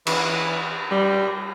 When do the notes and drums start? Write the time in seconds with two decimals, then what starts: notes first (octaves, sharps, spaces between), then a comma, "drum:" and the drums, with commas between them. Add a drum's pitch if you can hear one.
0.07 E3, drum: cymbal
0.91 G3